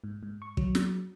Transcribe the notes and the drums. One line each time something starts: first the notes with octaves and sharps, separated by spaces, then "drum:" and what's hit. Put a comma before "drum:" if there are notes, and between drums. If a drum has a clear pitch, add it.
G#2
G#2
C#6
F#3, drum: kick
drum: snare